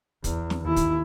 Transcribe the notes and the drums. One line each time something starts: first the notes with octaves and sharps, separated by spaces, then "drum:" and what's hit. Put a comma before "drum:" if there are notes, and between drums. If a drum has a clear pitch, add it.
E2, drum: kick, hi-hat
drum: snare
D#2 E4
drum: kick, hi-hat